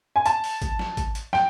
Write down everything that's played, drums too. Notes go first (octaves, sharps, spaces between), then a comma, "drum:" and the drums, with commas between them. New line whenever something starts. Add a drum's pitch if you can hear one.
G#5
A5, drum: hi-hat
drum: open hi-hat
drum: kick G#1, hi-hat
drum: snare
drum: kick G#1, hi-hat
drum: hi-hat
G5, drum: snare